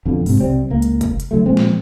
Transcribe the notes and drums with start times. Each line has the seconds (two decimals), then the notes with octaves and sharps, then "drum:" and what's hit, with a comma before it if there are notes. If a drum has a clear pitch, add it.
0.06 F2 B2 D3
0.26 G#2 C3, drum: open hi-hat
0.40 C2 C3 G3 C4
0.70 C#2 A#3
0.82 drum: hi-hat
1.01 drum: kick, hi-hat
1.20 drum: hi-hat
1.31 D3 D#3 F#3 A3
1.46 A#2 F3 G#3 C4
1.57 drum: snare